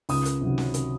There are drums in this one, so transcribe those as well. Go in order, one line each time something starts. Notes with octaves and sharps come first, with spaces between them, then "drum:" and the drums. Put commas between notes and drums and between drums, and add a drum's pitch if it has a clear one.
C#2 D#6, drum: open hi-hat
drum: hi-hat
C3 D#3 F#3
drum: snare
drum: hi-hat